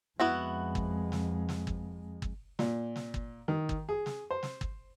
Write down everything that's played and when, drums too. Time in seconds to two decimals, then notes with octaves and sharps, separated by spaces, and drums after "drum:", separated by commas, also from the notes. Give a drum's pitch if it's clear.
0.20 F2 G#3 B3 E4 F#4
0.75 drum: kick
1.12 drum: snare
1.49 drum: snare
1.67 drum: kick
2.22 drum: kick
2.59 A#2, drum: snare
2.96 drum: snare
3.14 drum: kick
3.48 D#3
3.69 drum: kick
3.89 G#4
4.06 drum: snare
4.31 C5
4.43 drum: snare
4.61 drum: kick